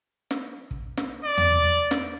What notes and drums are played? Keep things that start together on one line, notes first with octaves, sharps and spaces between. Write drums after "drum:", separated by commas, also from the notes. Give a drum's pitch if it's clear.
drum: snare
drum: kick
drum: snare
D5
drum: tom E2
drum: snare